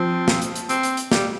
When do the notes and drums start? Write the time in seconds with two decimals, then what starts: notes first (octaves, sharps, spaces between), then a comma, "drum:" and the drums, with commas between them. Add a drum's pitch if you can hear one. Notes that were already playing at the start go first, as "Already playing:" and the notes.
Already playing: F3 C4
0.28 drum: snare
0.42 drum: hi-hat
0.56 drum: hi-hat
0.69 C4, drum: hi-hat
0.83 drum: hi-hat
0.97 drum: hi-hat
1.12 G3, drum: snare